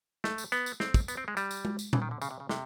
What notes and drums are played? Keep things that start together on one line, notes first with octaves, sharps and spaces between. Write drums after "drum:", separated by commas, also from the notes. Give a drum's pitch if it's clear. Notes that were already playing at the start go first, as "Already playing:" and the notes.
A3, drum: snare
drum: tambourine
B3, drum: tambourine
drum: tambourine
C4, drum: snare
drum: kick, tambourine
B3, drum: tambourine
C4
G#3
G3, drum: tambourine
drum: tambourine
drum: tom G#3
drum: tambourine
E3, drum: tom A#2
D#3
D3
C#3, drum: tambourine
C3
C#3
C3, drum: snare